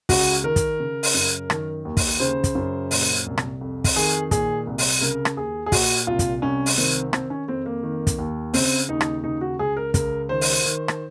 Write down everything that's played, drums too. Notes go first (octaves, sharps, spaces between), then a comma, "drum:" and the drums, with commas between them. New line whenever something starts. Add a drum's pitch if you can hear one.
C#2 F#4, drum: kick, open hi-hat
D#3 A#4
drum: kick, hi-hat
C#3
drum: open hi-hat
F#2
D#3, drum: rim click
D#2
drum: kick, open hi-hat
C#3 C5
drum: kick, hi-hat
F#2
A#2, drum: open hi-hat
C2
drum: rim click
F2
drum: kick, open hi-hat
D#3 G#4
A#2 G#4, drum: kick, hi-hat
C2
drum: open hi-hat
C#3 A#4
drum: rim click
D#2 G#4
G#4
A#2 F#4, drum: kick, open hi-hat
C2 F4
drum: kick, hi-hat
C2 C#4
drum: open hi-hat
D#3 C4
D#3 C4, drum: rim click
C#4
F2 C4
A#3
D#3
drum: kick, hi-hat
D#2
C#3 C4, drum: open hi-hat
D#2 D#4
drum: rim click
C#3 D#4
F#4
C#2 G#4
A#4
C#2 A#4, drum: kick, hi-hat
D#3 C5
drum: open hi-hat
D#3
drum: rim click